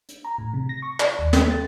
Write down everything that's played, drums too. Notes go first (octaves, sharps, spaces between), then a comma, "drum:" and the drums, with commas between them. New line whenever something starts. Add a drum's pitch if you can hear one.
drum: hi-hat
A#5
A2
C3
A#6
C#6
D5, drum: clap
D#2
A4, drum: snare
A6